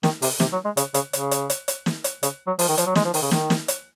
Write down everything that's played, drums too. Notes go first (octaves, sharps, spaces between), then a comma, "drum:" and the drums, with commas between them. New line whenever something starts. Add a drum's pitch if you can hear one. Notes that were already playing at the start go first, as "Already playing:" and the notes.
D#3, drum: snare
C3, drum: open hi-hat
C3, drum: snare
F#3
G#3
C#3, drum: hi-hat
C#3, drum: hi-hat
C#3, drum: hi-hat
drum: hi-hat
drum: hi-hat
drum: hi-hat
drum: snare
drum: hi-hat
C#3, drum: hi-hat
F#3
F3, drum: open hi-hat
D#3
F3, drum: hi-hat
F#3
G#3, drum: snare
F3
D#3, drum: open hi-hat
C#3
D#3, drum: snare
drum: snare
drum: hi-hat